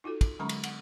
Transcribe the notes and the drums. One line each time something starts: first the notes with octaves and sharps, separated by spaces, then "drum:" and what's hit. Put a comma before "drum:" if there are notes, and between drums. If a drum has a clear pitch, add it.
D#4 F4 F#4 A4
drum: kick, cymbal
D3 F#3 G#3 C#4 A#5 C#6
drum: cymbal
F#5, drum: cymbal